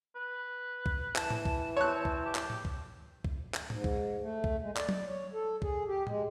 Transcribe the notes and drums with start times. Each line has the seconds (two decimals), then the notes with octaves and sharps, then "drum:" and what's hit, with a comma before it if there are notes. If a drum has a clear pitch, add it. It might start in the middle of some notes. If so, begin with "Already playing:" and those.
0.15 B4
0.86 drum: kick C2
1.16 E3 A5, drum: clap
1.30 drum: tom A2
1.45 drum: kick C2
1.77 C4 C#5 F#6
2.05 drum: kick C2
2.25 G4
2.35 drum: clap
2.50 drum: tom A2
2.65 drum: kick C2
3.24 drum: kick C2
3.54 drum: clap
3.70 G#2, drum: tom A2
3.84 drum: kick C2
4.21 A3
4.44 drum: kick C2
4.62 G#3
4.77 D5, drum: clap
4.89 drum: tom F#3
5.07 C#5
5.33 A4
5.62 G#4, drum: kick C2
5.87 G4
6.07 G#3, drum: tom A2